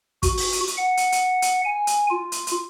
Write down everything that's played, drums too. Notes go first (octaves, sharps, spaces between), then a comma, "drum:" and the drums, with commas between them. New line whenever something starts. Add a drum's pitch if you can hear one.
F#4, drum: kick, hi-hat
drum: open hi-hat
drum: hi-hat
drum: hi-hat
F#5
drum: hi-hat
drum: hi-hat
drum: hi-hat
G#5
drum: hi-hat
F4
drum: hi-hat
drum: hi-hat